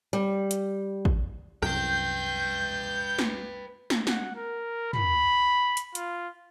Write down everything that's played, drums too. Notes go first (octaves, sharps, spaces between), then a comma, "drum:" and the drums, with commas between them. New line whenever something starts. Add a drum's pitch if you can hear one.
G3
drum: hi-hat
drum: kick
C2 F#2 B4 G5 G6, drum: rim click
drum: snare
drum: snare
F#5, drum: snare
A#4
B5, drum: tom
drum: hi-hat
F4, drum: hi-hat